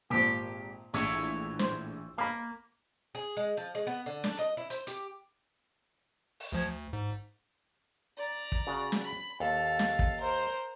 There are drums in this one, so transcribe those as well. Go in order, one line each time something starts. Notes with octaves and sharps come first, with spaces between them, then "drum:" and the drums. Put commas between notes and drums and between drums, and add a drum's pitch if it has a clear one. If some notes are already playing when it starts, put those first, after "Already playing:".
G#1 A#2 F3 G4
A#1 A2 E3 E4 C#5, drum: hi-hat
C5 C6, drum: snare
A#3 F5 B5
G#4
G#3
F3
G#3
B3
D3
D4, drum: snare
D#5
E4
C5, drum: hi-hat
G4, drum: hi-hat
drum: open hi-hat
D2 F3 G#6
D2
G#2
D5 A#5
drum: kick
C#3 F#4 F5
drum: snare
B5
D#2 A4 F5
drum: snare
drum: kick
A#4 C5